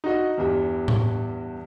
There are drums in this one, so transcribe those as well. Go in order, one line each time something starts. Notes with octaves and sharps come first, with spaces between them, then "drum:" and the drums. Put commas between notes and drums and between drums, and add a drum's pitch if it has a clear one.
D#4 F#4 D#5
E2 G2 G3
drum: tom A2